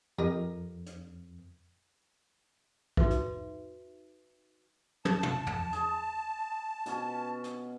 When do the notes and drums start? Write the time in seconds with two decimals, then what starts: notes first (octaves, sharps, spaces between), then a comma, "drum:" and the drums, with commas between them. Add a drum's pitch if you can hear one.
0.18 F2 G4 A#4 D#5
0.86 drum: hi-hat
2.97 D#4 F#4 G#4 B4 E5, drum: kick
3.10 drum: hi-hat
5.05 A5, drum: tom
5.23 drum: tom
5.47 drum: tom
5.73 G#4, drum: hi-hat
6.86 B2 C#4, drum: hi-hat
7.44 drum: hi-hat